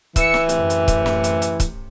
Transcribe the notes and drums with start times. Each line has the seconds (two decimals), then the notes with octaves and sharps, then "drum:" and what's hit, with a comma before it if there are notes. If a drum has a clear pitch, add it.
0.16 E3 E6 C#7, drum: kick, hi-hat
0.34 drum: snare
0.49 F#2 A2 C3, drum: hi-hat
0.70 drum: hi-hat
0.88 drum: kick, hi-hat
1.06 drum: snare
1.24 drum: hi-hat
1.42 drum: hi-hat
1.60 drum: kick, hi-hat